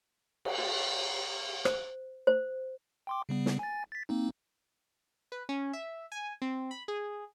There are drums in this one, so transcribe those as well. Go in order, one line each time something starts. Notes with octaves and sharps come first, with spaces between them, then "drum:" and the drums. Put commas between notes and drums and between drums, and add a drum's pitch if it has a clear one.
drum: cymbal
F#4
C5, drum: rim click
C5
G5 C6 D6
C#3 G3 B3
drum: snare
G#5 A6
A6 B6
A#3 C4 D#4
B4
C#4
E5
G#5
C4
B5
G#4